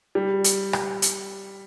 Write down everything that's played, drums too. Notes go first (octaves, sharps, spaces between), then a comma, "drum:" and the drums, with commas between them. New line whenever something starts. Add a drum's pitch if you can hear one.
G3
drum: hi-hat
drum: rim click
drum: hi-hat